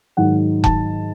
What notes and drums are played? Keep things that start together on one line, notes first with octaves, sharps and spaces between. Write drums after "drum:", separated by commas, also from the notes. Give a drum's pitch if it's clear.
G#2 D#3 F#3 F#5
A5, drum: kick F1